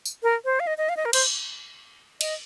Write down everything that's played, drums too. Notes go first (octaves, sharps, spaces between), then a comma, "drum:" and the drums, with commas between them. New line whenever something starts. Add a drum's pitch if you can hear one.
drum: tambourine
A#4
C5
F5
D#5
D#5
F5
D#5
A#4
C5, drum: cymbal
D#5, drum: cymbal